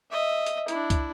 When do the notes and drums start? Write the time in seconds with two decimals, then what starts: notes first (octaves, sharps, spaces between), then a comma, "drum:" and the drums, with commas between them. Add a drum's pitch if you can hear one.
0.11 D#5 E5
0.46 drum: hi-hat
0.68 D4 E4, drum: hi-hat
0.90 drum: kick, hi-hat